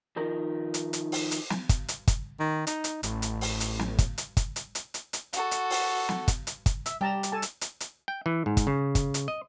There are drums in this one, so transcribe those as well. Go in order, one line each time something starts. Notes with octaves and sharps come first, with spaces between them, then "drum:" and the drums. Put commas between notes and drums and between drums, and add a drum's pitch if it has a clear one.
D#3 F3 D#4 A#4
drum: hi-hat
drum: hi-hat
drum: open hi-hat
drum: hi-hat
drum: snare
drum: kick G1, hi-hat
drum: hi-hat
drum: kick G1, hi-hat
D#3
D#4, drum: hi-hat
drum: hi-hat
A1 A2, drum: hi-hat
drum: hi-hat
drum: open hi-hat
drum: hi-hat
drum: snare
drum: kick G1, hi-hat
drum: hi-hat
drum: kick G1, hi-hat
drum: hi-hat
drum: hi-hat
drum: hi-hat
drum: hi-hat
F#4 A4, drum: hi-hat
drum: hi-hat
drum: open hi-hat
drum: snare
drum: kick G1, hi-hat
drum: hi-hat
drum: kick G1, hi-hat
E5, drum: hi-hat
G3 G4 A5 A#5
drum: hi-hat
A4 G#5 A5
drum: hi-hat
drum: hi-hat
drum: hi-hat
G5
E3
G#2
drum: kick G1, hi-hat
C#3
drum: kick G1, hi-hat
drum: hi-hat
D#5